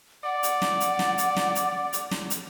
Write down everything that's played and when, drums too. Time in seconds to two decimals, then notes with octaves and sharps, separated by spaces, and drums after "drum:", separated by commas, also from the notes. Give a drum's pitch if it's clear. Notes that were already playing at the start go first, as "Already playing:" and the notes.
0.24 D5 F#5
0.43 drum: hi-hat
0.62 drum: snare
0.80 drum: hi-hat
0.99 drum: snare
1.18 drum: hi-hat
1.36 drum: snare
1.55 drum: hi-hat
1.93 drum: hi-hat
2.11 drum: snare
2.30 drum: hi-hat